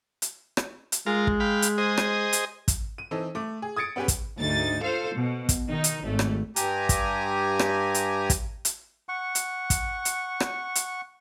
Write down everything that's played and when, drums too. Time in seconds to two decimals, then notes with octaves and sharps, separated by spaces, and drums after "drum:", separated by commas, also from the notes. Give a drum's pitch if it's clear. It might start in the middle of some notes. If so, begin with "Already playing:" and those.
0.22 drum: hi-hat
0.57 drum: rim click
0.92 drum: hi-hat
1.06 G#3 F4 A#4
1.27 drum: kick
1.40 F5 G5 B5
1.62 drum: hi-hat
1.78 G#4 C5 D#5
1.97 drum: rim click
2.33 drum: hi-hat
2.68 drum: kick, hi-hat
2.98 D#7
3.11 E3 C4 D#4 A4
3.35 A3 D6
3.62 G#4
3.76 D#6 G#6 A6 C#7 D7
3.96 B3 C#4 G4 G#4 B4
4.08 drum: kick, hi-hat
4.38 D2 G#2 D#4 A6
4.82 F4 A4 C5 F5
5.14 B2
5.49 drum: kick, hi-hat
5.67 D#3 D#4
5.84 drum: hi-hat
6.03 G#1 A3
6.19 drum: rim click
6.56 G2 G4 G#5 A#5, drum: hi-hat
6.89 drum: kick, hi-hat
7.59 drum: rim click
7.94 drum: hi-hat
8.30 drum: kick, hi-hat
8.65 drum: hi-hat
9.09 F#5 C#6
9.35 drum: hi-hat
9.70 drum: kick, hi-hat
10.05 drum: hi-hat
10.40 drum: rim click
10.75 drum: hi-hat